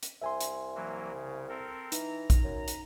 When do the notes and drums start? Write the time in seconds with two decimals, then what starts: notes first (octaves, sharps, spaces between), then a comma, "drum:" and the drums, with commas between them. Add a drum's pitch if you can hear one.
0.03 drum: hi-hat
0.22 C2 E5 G#5 C6
0.41 drum: hi-hat
0.75 E3 F#3 A#3
1.12 C#3
1.49 C4 A4 A#4
1.92 E3 D#4 A#5, drum: hi-hat
2.30 drum: kick A#1, hi-hat
2.43 F#2
2.68 drum: hi-hat